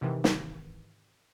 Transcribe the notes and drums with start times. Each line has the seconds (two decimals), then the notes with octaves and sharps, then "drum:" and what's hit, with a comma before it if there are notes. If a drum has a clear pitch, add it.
0.01 G#2 C3 D#3 E3
0.24 drum: snare